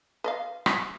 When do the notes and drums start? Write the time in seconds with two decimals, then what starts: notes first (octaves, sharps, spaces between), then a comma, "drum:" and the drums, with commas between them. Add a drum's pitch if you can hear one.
0.24 B4 D#5 F5
0.66 drum: rim click